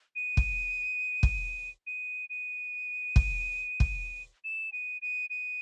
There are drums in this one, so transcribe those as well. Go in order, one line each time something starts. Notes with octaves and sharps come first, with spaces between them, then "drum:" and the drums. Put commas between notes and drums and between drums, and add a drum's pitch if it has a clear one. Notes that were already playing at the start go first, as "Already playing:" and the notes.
D#7
drum: kick
drum: kick
D#7
D#7
drum: kick
drum: kick
E7
D#7
D#7
D#7